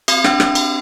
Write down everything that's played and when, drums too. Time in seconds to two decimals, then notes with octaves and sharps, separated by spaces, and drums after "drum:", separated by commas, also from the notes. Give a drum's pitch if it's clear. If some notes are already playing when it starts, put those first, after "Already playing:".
0.08 C4, drum: cymbal
0.24 D4, drum: rim click
0.40 drum: rim click
0.55 drum: cymbal